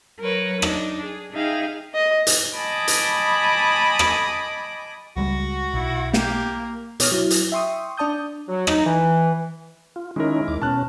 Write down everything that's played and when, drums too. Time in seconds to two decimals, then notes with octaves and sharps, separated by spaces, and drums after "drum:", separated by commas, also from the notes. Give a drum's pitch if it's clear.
0.20 F#3 A#4 B4 C#5
0.62 D4 D#4, drum: rim click
1.04 G#4
1.33 D#4 G#4 E5 F5 G5
1.95 D#5
2.27 drum: hi-hat
2.55 D#5 G#5 A5 B5 D6 D#6
2.88 drum: hi-hat
3.99 drum: rim click
5.17 C#2 G3 G#3 F#4
5.74 B1 E4
6.13 A#3 G4, drum: snare
7.00 B2 C#5 D6 D#6 F6, drum: hi-hat
7.11 F#3 E4
7.30 drum: hi-hat
7.52 E5 G5 C6 C#6 D#6
7.97 D4 D5 A5 D#6 G6
8.49 F#3
8.67 D#4, drum: rim click
8.85 E3
9.96 F4
10.16 D#3 G#3 C#4 D#4 E4 A#4
10.48 D#2 D6
10.62 B2 C#4 A5 F6 F#6